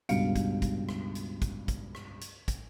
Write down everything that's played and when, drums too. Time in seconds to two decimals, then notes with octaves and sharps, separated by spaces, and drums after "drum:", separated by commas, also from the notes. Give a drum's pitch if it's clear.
0.09 C#2 G2 B2 F5 C#7 D7, drum: hi-hat
0.36 drum: kick, hi-hat
0.62 drum: kick, hi-hat
0.89 drum: rim click
1.15 drum: hi-hat
1.42 drum: kick, hi-hat
1.68 drum: kick, hi-hat
1.95 drum: rim click
2.21 drum: hi-hat
2.48 drum: kick, hi-hat